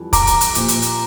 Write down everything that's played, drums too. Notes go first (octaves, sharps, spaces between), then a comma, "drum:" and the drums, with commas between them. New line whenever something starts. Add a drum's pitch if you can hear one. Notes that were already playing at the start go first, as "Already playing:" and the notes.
Already playing: F2 E3 G3
A#5 D6, drum: kick, hi-hat
drum: hi-hat
drum: hi-hat
A#2 F3 C4 G4, drum: hi-hat
drum: hi-hat
drum: hi-hat